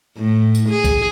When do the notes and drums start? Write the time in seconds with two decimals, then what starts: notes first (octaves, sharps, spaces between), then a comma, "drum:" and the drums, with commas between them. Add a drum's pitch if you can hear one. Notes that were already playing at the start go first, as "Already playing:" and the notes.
0.17 A2
0.55 drum: tambourine
0.70 G#4
0.84 drum: kick A#1, tambourine